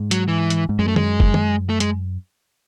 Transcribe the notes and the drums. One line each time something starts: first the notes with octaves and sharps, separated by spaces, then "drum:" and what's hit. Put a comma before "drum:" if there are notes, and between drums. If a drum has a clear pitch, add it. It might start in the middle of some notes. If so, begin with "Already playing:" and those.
Already playing: G#2
F#3, drum: hi-hat
E3
drum: hi-hat
G#2
F#2 G#3
A3
G#3, drum: tom
drum: kick F#1
drum: tom
A3
G#3, drum: hi-hat